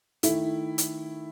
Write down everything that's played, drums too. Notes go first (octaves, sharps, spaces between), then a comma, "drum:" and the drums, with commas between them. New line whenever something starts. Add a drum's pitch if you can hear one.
D#3 A3 E4, drum: hi-hat
drum: hi-hat